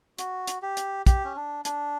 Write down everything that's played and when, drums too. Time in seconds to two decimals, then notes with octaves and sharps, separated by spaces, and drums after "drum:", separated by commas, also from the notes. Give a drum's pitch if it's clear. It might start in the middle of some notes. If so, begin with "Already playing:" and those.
0.18 F#4, drum: hi-hat
0.47 drum: hi-hat
0.62 G4
0.77 drum: hi-hat
1.06 G4, drum: kick, hi-hat
1.25 C#4
1.36 D4
1.65 D4, drum: hi-hat